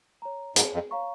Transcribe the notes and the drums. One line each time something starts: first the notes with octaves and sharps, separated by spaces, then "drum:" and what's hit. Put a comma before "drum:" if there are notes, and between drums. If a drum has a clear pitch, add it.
C#5 A#5
G#2 G#4, drum: hi-hat
F2
C#5 F5 A#5 C#6